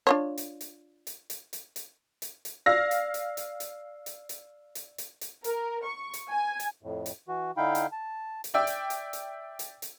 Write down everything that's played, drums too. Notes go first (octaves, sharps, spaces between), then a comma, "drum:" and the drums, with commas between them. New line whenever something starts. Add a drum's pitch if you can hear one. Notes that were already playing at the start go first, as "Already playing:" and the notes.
D4 F4 C#5
drum: hi-hat
drum: hi-hat
drum: hi-hat
drum: hi-hat
drum: hi-hat
drum: hi-hat
drum: hi-hat
drum: hi-hat
D5 F5 E6 A#6
drum: hi-hat
drum: hi-hat
drum: hi-hat
drum: hi-hat
drum: hi-hat
drum: hi-hat
drum: hi-hat
drum: hi-hat
drum: hi-hat
A#4, drum: hi-hat
C#6
drum: hi-hat
G#5
drum: hi-hat
F2 A2
drum: hi-hat
E3 F#4
D3 D#4 E4 F5 G5 B5
drum: hi-hat
A5
drum: hi-hat
D5 E5 G5 E6
drum: hi-hat
drum: hi-hat
drum: hi-hat
drum: hi-hat
drum: hi-hat